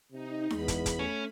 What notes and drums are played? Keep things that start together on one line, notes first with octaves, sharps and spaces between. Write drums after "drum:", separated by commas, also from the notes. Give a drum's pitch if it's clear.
C3 D#4
E2 G#3 B5, drum: snare D#4
drum: kick, hi-hat
drum: kick, hi-hat
A3 C#4